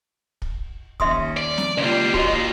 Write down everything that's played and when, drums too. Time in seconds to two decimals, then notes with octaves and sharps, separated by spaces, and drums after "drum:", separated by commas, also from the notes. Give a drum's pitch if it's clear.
0.42 drum: kick
1.00 D#2 C#4 E5 C6 D#6, drum: kick
1.37 D5
1.58 drum: snare
1.78 C#2 G3 A#3 F4 D5
2.14 D#2 D#3 F#4 D#5, drum: kick